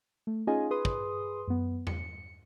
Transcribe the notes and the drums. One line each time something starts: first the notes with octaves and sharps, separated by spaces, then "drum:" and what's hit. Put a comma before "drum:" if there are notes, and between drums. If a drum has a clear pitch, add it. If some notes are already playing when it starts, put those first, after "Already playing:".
A3
C#4 D#4 F4 G#4 D#5 G#5
G#4 B4 C6 D#6
drum: kick
F#2 B3
C#7, drum: tom E2